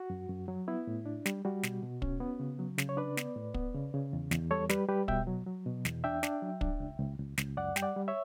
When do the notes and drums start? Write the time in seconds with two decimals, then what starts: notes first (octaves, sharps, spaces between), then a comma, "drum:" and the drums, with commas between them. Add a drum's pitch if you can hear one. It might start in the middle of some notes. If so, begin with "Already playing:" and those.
Already playing: F#4
0.10 F#2
0.29 F#2
0.48 F#3
0.68 B3 E4
0.87 A2
1.06 D4
1.26 G3, drum: snare
1.45 G3 F#4
1.63 B2, drum: snare
1.82 B2
2.02 C#4, drum: kick
2.20 B3
2.40 C#3
2.59 F#3
2.78 C#3, drum: snare
2.89 C#5
2.97 D4 B4 D5
3.17 B3, drum: snare
3.36 A2
3.54 B3, drum: kick
3.74 C#3
3.94 C#3
4.13 E2
4.31 E2, drum: snare
4.51 G3 A4 C#5
4.69 G3 G4 B4, drum: snare
4.88 G3 G4 B4
5.08 B2 E5 G5, drum: kick
5.27 F#3
5.47 F#3
5.66 B2
5.85 E2, drum: snare
6.04 D4 E5 G5
6.23 D4, drum: snare
6.42 F#3
6.61 D4, drum: kick
6.80 C#2
6.99 C#2
7.18 C#2
7.38 C#2, drum: snare
7.57 F#2 D5 F#5
7.76 G3 G5, drum: snare
7.82 D5 F#5
7.96 G3
8.08 C#5 E5